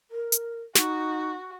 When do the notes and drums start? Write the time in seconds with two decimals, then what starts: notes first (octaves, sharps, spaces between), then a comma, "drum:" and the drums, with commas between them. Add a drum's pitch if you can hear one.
0.11 A#4
0.32 drum: hi-hat
0.75 D#4 F#4, drum: snare